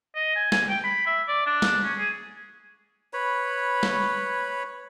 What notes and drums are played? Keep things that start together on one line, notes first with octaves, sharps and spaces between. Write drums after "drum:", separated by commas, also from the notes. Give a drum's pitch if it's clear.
D#5
G#5
G#5, drum: snare
G5
B5
E5
D5
D4
drum: snare
C#4
G#4
B4 C#5 B5
drum: snare